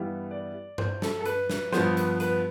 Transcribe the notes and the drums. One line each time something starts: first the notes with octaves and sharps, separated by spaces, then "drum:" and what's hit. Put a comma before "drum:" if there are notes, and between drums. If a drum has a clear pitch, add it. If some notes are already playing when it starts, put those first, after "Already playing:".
Already playing: G2 E3 G3 B3 E4 F5
D5
C5, drum: tom G2
A4, drum: snare
A4
B4, drum: hi-hat
B4, drum: snare
G2 F3 B3 C5, drum: snare
B4, drum: hi-hat
B4, drum: hi-hat